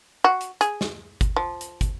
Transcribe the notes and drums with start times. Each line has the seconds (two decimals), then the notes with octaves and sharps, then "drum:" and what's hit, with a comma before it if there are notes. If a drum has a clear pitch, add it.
0.24 F#4
0.41 drum: hi-hat
0.61 G#4, drum: hi-hat
0.81 drum: snare
1.21 drum: kick, hi-hat
1.36 F3
1.61 drum: hi-hat
1.81 drum: kick, hi-hat